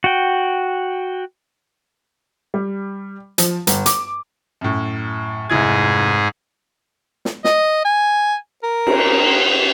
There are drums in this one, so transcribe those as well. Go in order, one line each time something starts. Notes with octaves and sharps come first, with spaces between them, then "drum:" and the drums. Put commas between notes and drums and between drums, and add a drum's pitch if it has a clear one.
F#4 G5
G3
F3, drum: hi-hat
G1, drum: hi-hat
D6, drum: hi-hat
F#2 A2
F1 G#2 E4 G#4 G#6
drum: snare
D#5, drum: snare
G#5
A#4
drum: cymbal